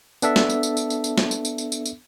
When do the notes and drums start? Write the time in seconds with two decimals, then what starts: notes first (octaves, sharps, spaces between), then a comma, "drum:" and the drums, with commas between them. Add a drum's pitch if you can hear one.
0.22 B3 D4 A4 E5, drum: tambourine
0.36 drum: snare
0.50 drum: tambourine
0.63 drum: tambourine
0.77 drum: tambourine
0.90 drum: tambourine
1.04 drum: tambourine
1.18 drum: snare
1.31 drum: tambourine
1.45 drum: tambourine
1.58 drum: tambourine
1.72 drum: tambourine
1.86 drum: tambourine